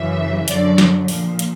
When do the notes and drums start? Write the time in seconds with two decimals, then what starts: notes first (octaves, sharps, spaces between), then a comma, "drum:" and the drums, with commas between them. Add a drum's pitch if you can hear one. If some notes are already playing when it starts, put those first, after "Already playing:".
Already playing: F#2 C#3 E3 E5
0.48 F#2 D3 F#3 D5, drum: hi-hat
0.78 drum: snare
1.08 A#2 F3, drum: open hi-hat
1.39 drum: hi-hat